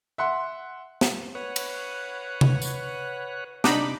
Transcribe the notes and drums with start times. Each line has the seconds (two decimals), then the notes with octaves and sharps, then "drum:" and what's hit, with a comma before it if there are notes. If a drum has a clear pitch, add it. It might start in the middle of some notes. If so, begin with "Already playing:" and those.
0.18 E5 F#5 C6
1.01 drum: snare
1.35 B4 C#5 F#5
1.56 drum: cymbal
2.41 drum: tom C3
2.62 drum: tambourine
3.64 C3 D4 D#4 B5 D6, drum: snare